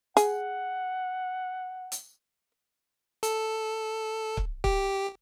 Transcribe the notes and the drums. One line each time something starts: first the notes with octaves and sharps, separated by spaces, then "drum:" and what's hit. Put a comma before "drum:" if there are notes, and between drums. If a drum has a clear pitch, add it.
G#4 F#5, drum: hi-hat
drum: hi-hat
A4, drum: hi-hat
drum: kick C#1
G4, drum: kick C#1